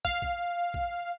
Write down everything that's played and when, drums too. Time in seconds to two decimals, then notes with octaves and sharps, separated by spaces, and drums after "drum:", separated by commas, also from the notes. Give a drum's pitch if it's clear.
0.05 F5, drum: kick
0.22 drum: kick
0.74 drum: kick